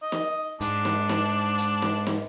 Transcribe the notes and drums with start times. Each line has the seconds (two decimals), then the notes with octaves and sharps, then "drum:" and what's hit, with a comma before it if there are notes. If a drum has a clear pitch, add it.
0.02 D#5
0.12 drum: snare
0.61 G#2 D4, drum: hi-hat
0.85 drum: snare
1.09 drum: snare
1.58 drum: hi-hat
1.82 drum: snare
2.07 drum: snare